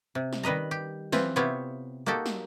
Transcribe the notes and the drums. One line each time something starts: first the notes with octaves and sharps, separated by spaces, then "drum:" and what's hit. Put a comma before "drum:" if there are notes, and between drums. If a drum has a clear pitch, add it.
C3
drum: snare
D#3 G3 B4 D#5 A#5
G4
E3 C4 F4 B4, drum: snare
C3 B3 E4 F4 G4 C#5
A#3 D#4 F#4 G4 A4
drum: snare